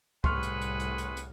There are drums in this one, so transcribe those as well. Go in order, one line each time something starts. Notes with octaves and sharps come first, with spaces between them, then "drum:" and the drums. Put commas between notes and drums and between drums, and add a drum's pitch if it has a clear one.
C2 A2 G#4 B4 F#5 C6 C#6 F6, drum: kick
drum: hi-hat
drum: hi-hat
drum: hi-hat
drum: hi-hat
drum: hi-hat